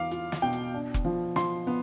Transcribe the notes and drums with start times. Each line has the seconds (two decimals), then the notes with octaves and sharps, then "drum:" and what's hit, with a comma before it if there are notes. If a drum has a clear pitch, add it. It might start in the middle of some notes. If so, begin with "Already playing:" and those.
Already playing: E2 B3 F5 D6
0.11 F4, drum: hi-hat
0.32 drum: snare
0.42 B2 G5
0.53 drum: hi-hat
0.74 D4
0.94 drum: kick F1, hi-hat
1.05 F3
1.36 F3 C6, drum: snare
1.67 B3